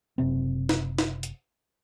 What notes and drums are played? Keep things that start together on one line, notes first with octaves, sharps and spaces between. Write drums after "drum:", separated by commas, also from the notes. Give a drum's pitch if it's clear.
F#1 C3 C4
drum: snare
drum: snare
drum: hi-hat